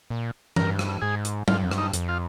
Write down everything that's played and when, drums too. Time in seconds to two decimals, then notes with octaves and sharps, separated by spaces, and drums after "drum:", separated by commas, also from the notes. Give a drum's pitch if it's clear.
0.10 A#2
0.56 G2 A#4, drum: tom E3
0.79 drum: rim click
1.01 G#2 G#4
1.25 drum: hi-hat
1.48 G#2 F4, drum: tom F#3
1.56 G2
1.63 F2
1.71 G2, drum: rim click
1.78 D#4
1.93 F2, drum: hi-hat
2.09 F4